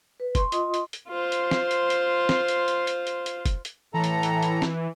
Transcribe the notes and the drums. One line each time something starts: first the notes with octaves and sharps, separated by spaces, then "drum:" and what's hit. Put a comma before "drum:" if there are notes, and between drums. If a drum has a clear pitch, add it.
B4
C6 C#6, drum: kick F1, hi-hat
F4 D#5 C6 D#6, drum: hi-hat
drum: hi-hat
drum: hi-hat
F4 C5
drum: hi-hat
drum: snare
drum: hi-hat
drum: hi-hat
drum: snare
drum: hi-hat
drum: hi-hat
drum: hi-hat
drum: hi-hat
drum: hi-hat
drum: kick F1, hi-hat
drum: hi-hat
A2 E3 A4 A#5
drum: hi-hat
drum: hi-hat
drum: hi-hat
drum: snare